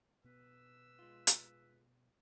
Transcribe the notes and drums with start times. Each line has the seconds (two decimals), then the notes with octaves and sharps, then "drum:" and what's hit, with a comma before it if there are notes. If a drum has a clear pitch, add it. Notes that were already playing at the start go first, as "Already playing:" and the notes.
0.24 B2 B3 B4 E6
0.99 G#3 F4
1.27 drum: hi-hat